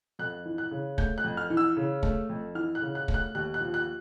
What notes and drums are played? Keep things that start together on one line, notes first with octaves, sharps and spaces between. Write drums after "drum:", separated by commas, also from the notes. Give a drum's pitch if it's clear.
F2 F#6
E3
F#6
C#3
A3 G6, drum: kick
F#6
F2
F6
E3
E6
C#3
A3, drum: kick
F2
E3 F6
F#6
C#3
F#6
A3, drum: kick
F#6
D#2 F#6
F#6
F3
F#6